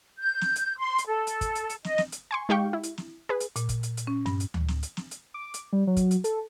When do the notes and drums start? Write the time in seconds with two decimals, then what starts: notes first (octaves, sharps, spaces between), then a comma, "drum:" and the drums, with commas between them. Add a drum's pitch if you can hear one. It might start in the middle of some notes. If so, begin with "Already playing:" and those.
0.19 G6
0.41 drum: snare
0.56 drum: hi-hat
0.78 C6
0.98 drum: hi-hat
1.08 A4
1.27 drum: hi-hat
1.41 drum: kick, hi-hat
1.55 drum: hi-hat
1.69 drum: hi-hat
1.84 D#5, drum: snare
1.98 drum: snare
2.12 drum: hi-hat
2.31 G#5 C6 C#6
2.49 G#3 D#4 G4 F5 G5 C#6
2.73 E4
2.83 drum: hi-hat
2.98 drum: snare
3.29 G#4 B4
3.40 drum: hi-hat
3.56 A#2, drum: hi-hat
3.69 drum: kick, hi-hat
3.83 drum: hi-hat
3.97 drum: hi-hat
4.07 C#4
4.26 G2, drum: snare
4.40 drum: hi-hat
4.54 drum: tom D2
4.68 drum: snare
4.83 drum: hi-hat
4.97 drum: snare
5.11 drum: hi-hat
5.34 D6
5.54 drum: hi-hat
5.73 G3
5.87 F#3
5.96 drum: kick, hi-hat
6.11 drum: hi-hat
6.24 A4, drum: hi-hat